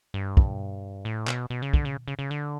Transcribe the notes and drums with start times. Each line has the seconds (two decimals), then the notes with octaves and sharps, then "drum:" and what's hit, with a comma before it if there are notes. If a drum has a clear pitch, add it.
0.14 G2
0.37 drum: kick
1.05 A2
1.28 B2, drum: clap
1.50 B2
1.62 C#3
1.73 D3, drum: kick
1.85 C#3
2.08 C#3
2.19 C#3
2.31 D3